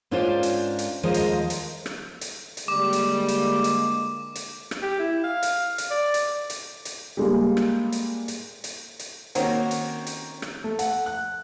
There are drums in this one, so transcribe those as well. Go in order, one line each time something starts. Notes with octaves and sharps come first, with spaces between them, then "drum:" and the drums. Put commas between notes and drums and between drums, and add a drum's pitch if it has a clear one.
G#2 C#4 D4 F4 A#4 C5
drum: hi-hat
drum: hi-hat
D#2 F3 G#3 A#4 C5 D#5
drum: hi-hat
drum: hi-hat
drum: rim click
drum: hi-hat
drum: hi-hat
D3 G3 G#3 A#3 D6
drum: hi-hat
drum: hi-hat
drum: hi-hat
drum: hi-hat
drum: rim click
G4
E4
F5
drum: hi-hat
drum: hi-hat
D5
drum: hi-hat
drum: hi-hat
drum: hi-hat
G3 G#3 A#3
drum: rim click
drum: hi-hat
drum: hi-hat
drum: hi-hat
drum: hi-hat
D#3 A#3 C4 C#4 F#4 C5, drum: hi-hat
drum: hi-hat
drum: hi-hat
drum: rim click
A3
F#5, drum: hi-hat
F#6